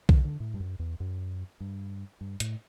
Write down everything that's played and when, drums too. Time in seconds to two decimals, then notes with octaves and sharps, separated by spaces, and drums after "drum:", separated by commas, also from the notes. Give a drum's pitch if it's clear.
0.09 D3, drum: kick B1
0.25 D3
0.40 A2
0.54 G2
0.60 F#2
0.79 E2
1.00 F#2
1.60 G2
2.21 G2
2.40 A2, drum: hi-hat